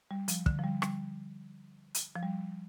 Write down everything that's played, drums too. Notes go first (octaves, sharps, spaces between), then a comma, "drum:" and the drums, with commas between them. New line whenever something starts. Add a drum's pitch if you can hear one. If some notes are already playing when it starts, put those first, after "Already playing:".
G3
F3, drum: hi-hat
D3, drum: kick
F3
G3
G3, drum: rim click
drum: hi-hat
F3
G3